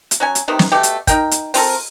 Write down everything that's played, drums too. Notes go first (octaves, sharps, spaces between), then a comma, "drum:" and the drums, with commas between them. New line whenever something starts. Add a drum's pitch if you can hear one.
drum: hi-hat
F#3 C#4 G#5
drum: hi-hat
C3 D#3 B3
drum: snare
B2 A3 G4
drum: hi-hat
D#4 A#4 G5, drum: kick, hi-hat
drum: hi-hat
C4 F4 A4 A#4, drum: open hi-hat